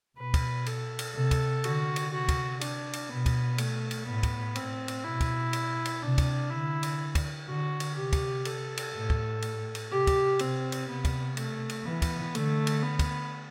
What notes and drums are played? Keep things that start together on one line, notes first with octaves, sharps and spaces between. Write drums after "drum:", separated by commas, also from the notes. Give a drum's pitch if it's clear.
B2 B4
drum: kick, cymbal
A4, drum: cymbal
drum: cymbal
C3 A4
drum: kick, cymbal
D3 F#4, drum: cymbal
drum: cymbal
C3 F#4
drum: kick, cymbal
D4, drum: cymbal
drum: cymbal
B2 B3
drum: kick, cymbal
A3, drum: cymbal
drum: cymbal
A2 B3
drum: kick, cymbal
A2 C4, drum: cymbal
drum: cymbal
B2 E4
drum: kick, cymbal
drum: cymbal
drum: cymbal
C3 D4
drum: kick, cymbal
D3 E4
drum: cymbal
drum: kick, cymbal
D3 F#4
drum: cymbal
C3 G4
drum: kick, cymbal
A4, drum: cymbal
drum: cymbal
A2
drum: kick
drum: cymbal
drum: cymbal
C3 G4
drum: kick, cymbal
C3 C4, drum: cymbal
drum: cymbal
C3 B3
drum: kick, cymbal
A3, drum: cymbal
drum: cymbal
E3 B3
drum: kick, cymbal
D3 A3, drum: cymbal
drum: cymbal
B3
drum: kick, cymbal